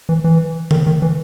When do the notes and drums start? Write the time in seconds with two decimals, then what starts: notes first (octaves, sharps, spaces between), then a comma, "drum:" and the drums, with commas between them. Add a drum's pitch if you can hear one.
0.09 E3
0.24 E3
0.71 D#3, drum: tom C#3
0.87 D#3
1.02 E3